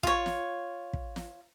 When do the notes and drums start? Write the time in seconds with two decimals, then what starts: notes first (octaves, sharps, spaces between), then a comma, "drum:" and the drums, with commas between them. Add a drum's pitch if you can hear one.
0.03 F4 C#5, drum: kick
0.26 drum: snare
0.93 drum: kick
1.16 drum: snare